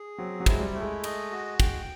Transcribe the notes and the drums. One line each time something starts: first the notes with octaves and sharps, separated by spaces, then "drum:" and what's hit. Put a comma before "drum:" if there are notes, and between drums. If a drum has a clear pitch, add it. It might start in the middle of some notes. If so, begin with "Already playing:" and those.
Already playing: G#4
F#3 C4
F#3
G#3 E4, drum: kick, cymbal
G3
A3
G#3
D#5, drum: cymbal
F#4
G5, drum: kick, cymbal